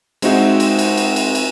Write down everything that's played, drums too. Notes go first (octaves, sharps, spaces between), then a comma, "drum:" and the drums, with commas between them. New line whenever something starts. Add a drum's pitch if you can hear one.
G#3 C4 D#4 F#4 E5, drum: cymbal
drum: cymbal
drum: cymbal
drum: cymbal
drum: cymbal
drum: cymbal